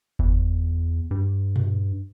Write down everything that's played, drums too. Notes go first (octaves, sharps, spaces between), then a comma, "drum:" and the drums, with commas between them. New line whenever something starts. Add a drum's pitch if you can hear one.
E2, drum: kick F#1
G2
drum: tom A#2